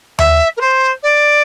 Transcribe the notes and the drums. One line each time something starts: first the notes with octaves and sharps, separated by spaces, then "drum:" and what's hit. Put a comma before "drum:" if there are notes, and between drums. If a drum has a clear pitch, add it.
E5, drum: tom D#2
A#4
C5
D5